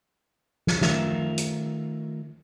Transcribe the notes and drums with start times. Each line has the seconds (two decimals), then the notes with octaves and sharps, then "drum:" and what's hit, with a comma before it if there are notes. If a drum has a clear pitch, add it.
0.67 drum: snare
0.81 D#3 A3 F4 A#4 E5, drum: snare
1.38 drum: hi-hat